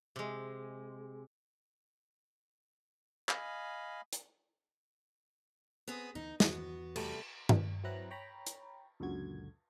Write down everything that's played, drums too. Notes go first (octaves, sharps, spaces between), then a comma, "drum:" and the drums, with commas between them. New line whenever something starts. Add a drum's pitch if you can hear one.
C3 G#3
D#5 F5 G#5 B5, drum: clap
drum: hi-hat
B3 C4 G#4
D2 D#3 E3 D#4
E2 B3 F#4, drum: snare
C3 G3 A3, drum: cymbal
drum: tom G2
F#3 C4 E4 B4 A#5 F#6
C#5 G5 A#5 B5
drum: hi-hat
C#2 F#2 A#2 D3 F#4 G#6